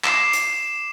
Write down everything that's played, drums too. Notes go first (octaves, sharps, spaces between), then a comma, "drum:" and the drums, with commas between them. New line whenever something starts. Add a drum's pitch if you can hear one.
D6 C7 E7, drum: clap
drum: hi-hat